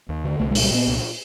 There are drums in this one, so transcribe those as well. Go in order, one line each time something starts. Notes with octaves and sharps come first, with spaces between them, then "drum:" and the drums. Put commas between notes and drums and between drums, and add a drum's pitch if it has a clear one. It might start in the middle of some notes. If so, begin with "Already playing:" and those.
D#2
D3
C2 A3
G#3
A#2, drum: open hi-hat
G3
A#2 B3
C2